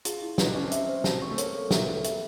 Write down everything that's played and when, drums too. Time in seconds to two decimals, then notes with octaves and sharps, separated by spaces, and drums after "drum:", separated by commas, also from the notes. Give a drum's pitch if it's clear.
0.05 F4 G#4, drum: hi-hat
0.22 E4
0.38 D#4 B4, drum: snare
0.47 D4
0.55 C#4 D#5
0.63 C4
0.72 E5, drum: hi-hat
0.89 C5
1.04 C4 A5, drum: snare
1.22 C#6
1.31 A3
1.38 A#3 C#5, drum: hi-hat
1.55 A4
1.71 B3 E5, drum: snare
1.87 A4
2.04 E5, drum: hi-hat